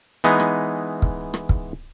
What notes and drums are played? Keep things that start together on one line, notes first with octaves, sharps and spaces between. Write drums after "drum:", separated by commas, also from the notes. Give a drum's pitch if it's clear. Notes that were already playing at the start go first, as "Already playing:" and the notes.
E3 G#3 B3 D#4
drum: rim click
drum: kick
drum: rim click
drum: kick